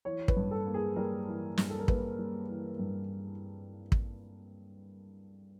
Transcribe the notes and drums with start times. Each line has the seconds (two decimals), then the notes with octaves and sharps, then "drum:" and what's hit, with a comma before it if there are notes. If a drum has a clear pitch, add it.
0.05 E3 C#5
0.28 B4, drum: kick
0.36 G2
0.51 A4
0.67 A#3
0.74 G#4
0.96 G3 A#4
1.27 E3
1.57 G2, drum: snare
1.70 A4
1.79 A#4
1.88 A#3 B4, drum: kick
2.19 G3
2.49 E3
2.79 G2
3.92 drum: kick